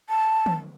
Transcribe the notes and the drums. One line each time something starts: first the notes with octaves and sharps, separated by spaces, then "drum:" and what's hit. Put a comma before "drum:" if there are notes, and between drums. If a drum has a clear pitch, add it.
A5
drum: tom